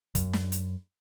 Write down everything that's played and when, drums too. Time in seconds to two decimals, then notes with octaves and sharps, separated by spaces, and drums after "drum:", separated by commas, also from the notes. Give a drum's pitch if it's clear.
0.15 F#2, drum: kick, hi-hat
0.33 drum: snare
0.52 drum: hi-hat